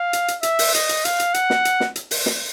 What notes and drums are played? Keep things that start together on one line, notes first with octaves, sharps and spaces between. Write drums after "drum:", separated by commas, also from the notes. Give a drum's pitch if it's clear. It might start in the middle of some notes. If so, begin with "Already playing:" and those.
Already playing: F5
drum: hi-hat
drum: hi-hat
E5, drum: hi-hat
drum: open hi-hat
D#5, drum: hi-hat
drum: hi-hat
F5, drum: hi-hat
drum: hi-hat
F#5, drum: hi-hat
drum: snare
drum: hi-hat
drum: snare
drum: hi-hat
drum: open hi-hat
drum: snare